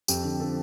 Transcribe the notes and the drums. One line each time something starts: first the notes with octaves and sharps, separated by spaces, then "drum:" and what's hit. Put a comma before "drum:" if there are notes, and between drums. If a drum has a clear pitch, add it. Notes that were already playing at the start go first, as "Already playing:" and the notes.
F2 G4, drum: tambourine
D3
F3 A4